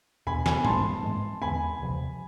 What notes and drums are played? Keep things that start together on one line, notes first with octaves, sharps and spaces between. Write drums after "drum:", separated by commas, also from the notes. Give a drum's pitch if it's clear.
E2 B2 B3 D4 G#5 B5
G#5 B5, drum: snare
A1 G#2 G#3 C4 A5 C6, drum: tom
G#2 E3 G#3
E2 D3 G#3 B3 G#5 B5
E1 E2 C3 F3